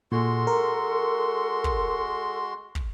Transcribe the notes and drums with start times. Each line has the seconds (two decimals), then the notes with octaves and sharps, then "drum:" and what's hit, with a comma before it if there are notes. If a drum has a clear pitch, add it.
0.12 A#2 G#3 F#4 A4 C6
0.47 A#4
1.64 drum: kick
2.75 drum: kick